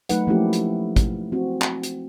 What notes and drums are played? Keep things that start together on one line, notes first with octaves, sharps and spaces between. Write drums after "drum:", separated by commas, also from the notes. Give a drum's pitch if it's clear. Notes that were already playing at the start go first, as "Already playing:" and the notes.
F#3 A3 D#4 B4 F#5, drum: hi-hat
F3 A3 A#3 C#4 E4 G4
drum: hi-hat
drum: kick, hi-hat
C4 F#4
drum: clap
drum: hi-hat